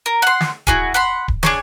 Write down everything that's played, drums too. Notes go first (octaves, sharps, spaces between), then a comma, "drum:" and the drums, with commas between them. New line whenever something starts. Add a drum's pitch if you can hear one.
A#4
F#5 C6
drum: snare
E4 F#4 G#4, drum: kick D1
F#5 B5 C6
drum: kick D1
D4 G#4 C#5, drum: snare